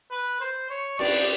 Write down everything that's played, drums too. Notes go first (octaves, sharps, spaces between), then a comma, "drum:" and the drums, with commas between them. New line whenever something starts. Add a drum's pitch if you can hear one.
B4
C5
C#5
D5, drum: cymbal